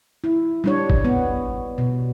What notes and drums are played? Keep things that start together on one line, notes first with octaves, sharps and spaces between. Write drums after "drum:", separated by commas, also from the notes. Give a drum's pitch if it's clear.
E4
G3 D4 C#5
drum: kick G#1
B3
B2